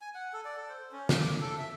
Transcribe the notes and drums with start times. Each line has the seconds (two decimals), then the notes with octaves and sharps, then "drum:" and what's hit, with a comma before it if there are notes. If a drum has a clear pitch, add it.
0.01 G#5
0.15 F#5
0.33 A4
0.45 D5
0.56 A4
0.69 C5
0.92 C#4
1.09 A#3, drum: snare
1.21 D6
1.41 A4
1.58 E5